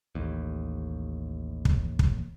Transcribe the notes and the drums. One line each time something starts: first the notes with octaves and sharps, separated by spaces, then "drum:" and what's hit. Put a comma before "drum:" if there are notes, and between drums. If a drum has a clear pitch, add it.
A1 D#2
drum: kick
drum: kick